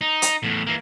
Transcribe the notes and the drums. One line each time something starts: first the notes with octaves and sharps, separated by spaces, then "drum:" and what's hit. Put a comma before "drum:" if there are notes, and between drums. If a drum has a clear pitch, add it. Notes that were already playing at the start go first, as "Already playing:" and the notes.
D#4
drum: hi-hat
E2 A2
E3 A#3